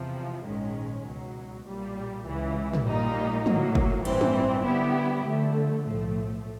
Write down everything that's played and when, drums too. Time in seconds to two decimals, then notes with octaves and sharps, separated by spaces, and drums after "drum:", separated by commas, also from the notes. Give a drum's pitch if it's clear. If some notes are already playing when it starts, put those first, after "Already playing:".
Already playing: E2 C3 F3
0.45 A#1 G#2 D#3 G#3 C#4
1.06 C#2 B2 F#3
1.66 B1 A#2 G3
2.25 C#2 C#3 E3
2.73 drum: tom
2.85 A#1 A#2 G3 A#3 D#4
3.46 A2 F#3 A#3, drum: tom
3.75 drum: kick
4.05 A1 G2 E3 G3 C4, drum: cymbal
4.21 drum: tom
4.65 D3 G3 B3 E4 G4
5.26 D3 F3 A3
5.86 B1 A2 F3 A3